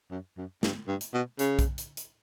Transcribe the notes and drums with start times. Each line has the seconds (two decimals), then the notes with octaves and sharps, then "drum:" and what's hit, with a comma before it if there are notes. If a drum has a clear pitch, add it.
0.11 F#2
0.37 F#2
0.63 G2, drum: snare
0.88 G2
1.01 drum: hi-hat
1.14 B2
1.39 C#3, drum: hi-hat
1.59 drum: kick, hi-hat
1.78 drum: hi-hat
1.97 drum: hi-hat